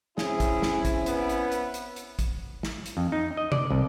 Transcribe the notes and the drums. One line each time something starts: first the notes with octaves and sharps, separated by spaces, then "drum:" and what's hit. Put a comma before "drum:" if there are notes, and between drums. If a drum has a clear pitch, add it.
C4 C#4 E4 G#4, drum: snare
drum: kick, hi-hat
drum: snare
drum: kick, hi-hat
B3, drum: hi-hat
drum: hi-hat
drum: hi-hat
drum: hi-hat
drum: hi-hat
drum: kick, hi-hat
drum: snare
drum: hi-hat
F2
D#4
D#5
D5, drum: tom C3
C2